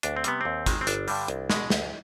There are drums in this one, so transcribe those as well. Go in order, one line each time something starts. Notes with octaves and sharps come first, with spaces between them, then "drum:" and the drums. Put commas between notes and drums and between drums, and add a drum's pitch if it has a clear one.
D2 D4, drum: hi-hat
C4
C3 G3 B3, drum: hi-hat
D#2 C4
D#3 G#3, drum: kick, hi-hat
C4
G1 D4, drum: hi-hat
G2 D3 G3, drum: open hi-hat
C2, drum: hi-hat
B2 G#3, drum: snare
D2, drum: snare